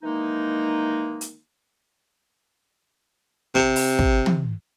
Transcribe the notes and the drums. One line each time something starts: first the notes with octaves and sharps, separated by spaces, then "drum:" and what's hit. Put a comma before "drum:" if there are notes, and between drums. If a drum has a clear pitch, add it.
D#3 E3 G#3 A#3 D#4
drum: hi-hat
C3, drum: snare
drum: open hi-hat
drum: kick
drum: tom